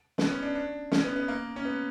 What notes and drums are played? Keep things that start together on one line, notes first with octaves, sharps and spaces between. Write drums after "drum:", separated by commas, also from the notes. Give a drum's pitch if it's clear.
B3, drum: snare
C#4
D4
D4
C#4, drum: snare
B3
B3
A#3
C#4
B3